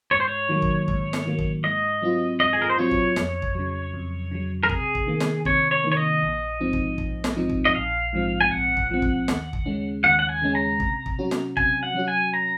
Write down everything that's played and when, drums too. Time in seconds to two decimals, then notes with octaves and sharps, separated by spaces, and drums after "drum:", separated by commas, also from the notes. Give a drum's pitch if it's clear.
0.11 G#2 C#5
0.20 C5
0.28 C#5
0.49 D#3 F#3 A#3
0.62 drum: kick
0.88 G#2, drum: kick
1.13 drum: snare
1.26 D#3 F#3 A#3
1.39 drum: kick
1.64 G#2 D#5
2.02 F#3 C4 F4
2.40 G#2 D#5
2.53 G#4
2.62 A#4
2.70 C5
2.78 F#3 C4 F4 C#5
2.91 drum: kick
3.16 F2, drum: snare
3.42 drum: kick
3.55 C#3 F#3
3.94 F2
4.31 C#3 F#3
4.63 A#4
4.69 C3 G#4, drum: kick
4.95 drum: kick
5.07 D#3 A#3
5.20 drum: snare
5.45 C3 C#5, drum: kick
5.71 C#5
5.84 D#3 A#3
5.92 C#5
5.97 D#5
6.22 A#1
6.60 G#2 F3 C4 D#4
6.73 drum: kick
6.98 A#1, drum: kick
7.24 drum: snare
7.36 G#2 F3 C4 D#4
7.49 drum: kick
7.65 D#5
7.75 A#1 F5
8.13 G#2 F3 C4
8.41 G#5
8.51 A#1 F#5
8.77 drum: kick
8.90 G#2 F3 C4
9.02 drum: kick
9.28 D#2, drum: snare
9.53 drum: kick
9.66 C#3 G#3 C#4
10.04 D#2 F#5
10.19 F#5
10.29 G#5
10.42 C#3 G#3 C#4
10.55 A#5
10.80 C3, drum: kick
11.06 drum: kick
11.19 F#3 C#4 F#4
11.31 drum: snare
11.57 C3 G#5, drum: kick
11.83 F#5
11.94 F#3 C#4 F#4
12.08 G#5
12.34 A#5